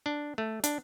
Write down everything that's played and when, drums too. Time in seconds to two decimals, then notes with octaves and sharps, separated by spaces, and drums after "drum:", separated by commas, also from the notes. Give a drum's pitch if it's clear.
0.06 D4
0.38 A3
0.64 D4, drum: hi-hat